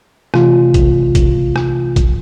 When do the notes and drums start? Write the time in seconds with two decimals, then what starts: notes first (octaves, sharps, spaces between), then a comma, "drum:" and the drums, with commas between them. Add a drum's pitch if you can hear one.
0.34 C3 E3 A3 F4, drum: rim click
0.74 drum: kick A#1, hi-hat
1.15 drum: kick A#1, hi-hat
1.56 drum: rim click
1.96 drum: kick A#1, hi-hat